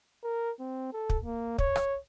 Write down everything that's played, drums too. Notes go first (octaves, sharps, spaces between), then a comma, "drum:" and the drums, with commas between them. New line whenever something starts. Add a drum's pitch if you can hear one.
A#4
C4
A4
drum: kick
A#3
C#5, drum: kick
drum: rim click